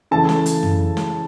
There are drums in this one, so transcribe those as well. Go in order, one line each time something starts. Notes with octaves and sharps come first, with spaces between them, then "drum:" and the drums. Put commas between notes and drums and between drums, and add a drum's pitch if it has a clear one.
C#3 E3 A3 A5
drum: snare
drum: hi-hat
drum: tom
drum: snare